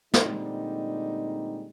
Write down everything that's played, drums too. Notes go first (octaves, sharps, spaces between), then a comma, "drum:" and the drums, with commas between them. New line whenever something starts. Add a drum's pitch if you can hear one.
A#2 D3 G3 G#3 C4 D#4, drum: snare